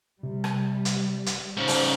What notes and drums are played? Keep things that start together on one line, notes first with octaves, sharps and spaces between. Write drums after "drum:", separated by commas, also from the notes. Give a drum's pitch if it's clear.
C3 G3
drum: rim click
drum: hi-hat
drum: hi-hat
G#2 C#3 C5
drum: open hi-hat